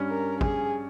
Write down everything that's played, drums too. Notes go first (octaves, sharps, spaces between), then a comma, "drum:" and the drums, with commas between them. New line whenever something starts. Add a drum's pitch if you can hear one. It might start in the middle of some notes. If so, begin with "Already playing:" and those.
Already playing: G2 G3 C#4
A#4
G#4, drum: kick